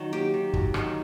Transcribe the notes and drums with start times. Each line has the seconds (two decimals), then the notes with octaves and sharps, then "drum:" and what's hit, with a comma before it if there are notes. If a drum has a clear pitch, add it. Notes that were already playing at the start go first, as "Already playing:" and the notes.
Already playing: D#3 F#3
0.13 A#3 G4
0.34 D#3
0.54 F#3, drum: kick
0.74 D#3, drum: rim click